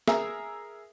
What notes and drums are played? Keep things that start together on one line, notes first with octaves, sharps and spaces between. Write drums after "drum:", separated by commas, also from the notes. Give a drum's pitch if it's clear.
G#4 A#4 E5, drum: snare